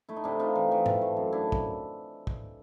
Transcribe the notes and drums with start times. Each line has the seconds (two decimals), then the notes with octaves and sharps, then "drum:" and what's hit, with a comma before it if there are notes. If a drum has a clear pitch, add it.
0.09 A3 E4
0.16 D#4
0.24 C3 D4 E4
0.40 C3 D#4 F4
0.55 E3
0.71 E3
0.86 E3, drum: tom G#2
1.02 A3
1.17 F#2
1.33 D4 E4
1.52 drum: kick
2.27 drum: kick